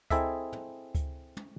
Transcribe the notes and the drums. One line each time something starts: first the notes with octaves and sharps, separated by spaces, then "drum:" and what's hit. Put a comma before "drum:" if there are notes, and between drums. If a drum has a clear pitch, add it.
C4 E4 G#4 A4 D#5 E5, drum: kick C#2, hi-hat
drum: tom
drum: kick C#2, hi-hat
drum: tom